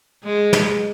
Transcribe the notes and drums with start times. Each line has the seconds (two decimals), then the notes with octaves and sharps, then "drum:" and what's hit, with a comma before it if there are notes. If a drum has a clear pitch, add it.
0.24 G#3
0.53 drum: snare